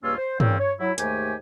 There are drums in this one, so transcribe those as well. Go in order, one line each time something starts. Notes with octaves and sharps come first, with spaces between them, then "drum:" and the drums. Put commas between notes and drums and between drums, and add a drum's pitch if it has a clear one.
C#2 G2 A#3 C#4 F4 E6
C5
A#2 C#3 E3 C4 C#4 G5, drum: tom
C#5
F#3 E4
D#2 G#2 A3 G4 G#5, drum: hi-hat